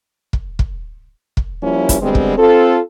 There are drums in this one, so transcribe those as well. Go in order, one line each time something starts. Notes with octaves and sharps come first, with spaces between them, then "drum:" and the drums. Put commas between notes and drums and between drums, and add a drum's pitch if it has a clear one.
drum: kick
drum: kick
drum: kick
F3 G3 A#3 C#4 E4
drum: kick, hi-hat
D3 G3 G#3 B3 C4
drum: kick
C4 F4 A4